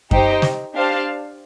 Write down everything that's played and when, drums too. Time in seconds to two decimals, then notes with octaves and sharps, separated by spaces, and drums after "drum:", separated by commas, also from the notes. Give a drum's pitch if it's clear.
0.11 D#4 G4 C5 D#5 G5, drum: kick F#2
0.42 drum: snare
0.73 D4 G4 C5 F5 A5